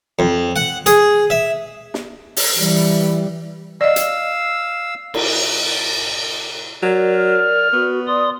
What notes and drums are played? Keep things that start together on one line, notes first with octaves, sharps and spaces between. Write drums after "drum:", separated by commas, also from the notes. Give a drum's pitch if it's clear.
F2
F#5
G#4, drum: hi-hat
E5
drum: snare
drum: open hi-hat
E3 G3
D5 D#5 F5 E6
drum: hi-hat
drum: cymbal
F#3 A#4 D5
F6
B3 F#4
D5 C6 D#6